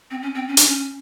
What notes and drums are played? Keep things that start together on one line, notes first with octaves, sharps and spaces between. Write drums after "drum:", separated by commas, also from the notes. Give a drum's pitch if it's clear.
C4
C#4
C4
C#4
D4, drum: hi-hat
C#4